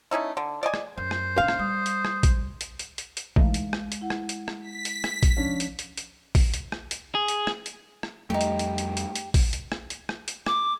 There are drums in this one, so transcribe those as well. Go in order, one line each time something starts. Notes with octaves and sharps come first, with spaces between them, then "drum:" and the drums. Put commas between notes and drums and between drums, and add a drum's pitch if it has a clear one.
A3 C#4 D#4 E4
D3
D5 D#5 G#5
drum: rim click
F#2 C5
drum: rim click
A#1 C#3 F5
drum: rim click
G3 D#6
drum: hi-hat
drum: rim click
drum: kick, hi-hat
drum: hi-hat
drum: hi-hat
drum: hi-hat
drum: hi-hat
E3 G#3 A3 D#4 F5, drum: kick
drum: hi-hat
drum: rim click
drum: hi-hat
E4 F#5
drum: rim click
drum: hi-hat
drum: rim click
B6
drum: hi-hat
drum: rim click
drum: kick, hi-hat
F3 C#4 D4
drum: hi-hat
drum: hi-hat
drum: hi-hat
drum: kick, open hi-hat
drum: hi-hat
drum: rim click
drum: hi-hat
G#4
drum: hi-hat
drum: rim click
drum: hi-hat
drum: rim click
F2 G3 A3 D#4 G4
drum: hi-hat
drum: hi-hat
drum: hi-hat
drum: hi-hat
drum: hi-hat
drum: kick, open hi-hat
drum: hi-hat
drum: rim click
drum: hi-hat
drum: rim click
drum: hi-hat
D6, drum: rim click